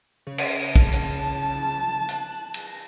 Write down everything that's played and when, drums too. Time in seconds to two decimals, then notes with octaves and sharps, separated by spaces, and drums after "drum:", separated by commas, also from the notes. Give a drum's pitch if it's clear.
0.27 C#3
0.38 drum: cymbal
0.76 A5, drum: kick
0.92 drum: hi-hat
2.08 F#6, drum: hi-hat
2.54 A#6, drum: cymbal